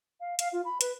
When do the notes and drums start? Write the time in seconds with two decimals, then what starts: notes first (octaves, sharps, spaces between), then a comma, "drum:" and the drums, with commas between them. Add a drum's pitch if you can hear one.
0.20 F5
0.39 F5, drum: hi-hat
0.53 F4
0.65 B5
0.81 B4, drum: hi-hat